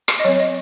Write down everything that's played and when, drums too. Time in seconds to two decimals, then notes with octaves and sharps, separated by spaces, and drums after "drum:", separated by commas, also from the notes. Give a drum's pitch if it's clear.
0.08 drum: rim click
0.20 D#5
0.24 F#3 C4 C#5
0.40 D#5